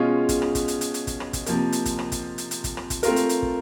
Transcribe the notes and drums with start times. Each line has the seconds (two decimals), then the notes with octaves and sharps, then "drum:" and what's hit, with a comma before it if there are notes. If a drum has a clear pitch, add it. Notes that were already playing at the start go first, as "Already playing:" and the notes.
Already playing: B2 G#3 C#4 F4
0.29 drum: kick, hi-hat
0.42 drum: rim click
0.55 drum: kick, hi-hat
0.68 drum: hi-hat
0.81 drum: hi-hat
0.94 drum: hi-hat
1.07 drum: kick, hi-hat
1.20 drum: rim click
1.33 drum: kick, hi-hat
1.46 C3 F3 A#3, drum: hi-hat
1.72 drum: hi-hat
1.86 drum: kick, hi-hat
1.99 drum: rim click
2.12 drum: kick, hi-hat
2.38 drum: hi-hat
2.51 drum: hi-hat
2.64 drum: kick, hi-hat
2.77 drum: rim click
2.90 drum: kick, hi-hat
3.03 A3 C4 F4 A#4, drum: hi-hat
3.16 drum: hi-hat
3.29 drum: hi-hat
3.42 drum: kick